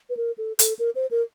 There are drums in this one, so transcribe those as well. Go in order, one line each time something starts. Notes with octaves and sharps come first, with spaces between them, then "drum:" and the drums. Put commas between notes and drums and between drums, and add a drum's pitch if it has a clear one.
B4
A#4
A4
A4, drum: hi-hat
A#4
C5
A#4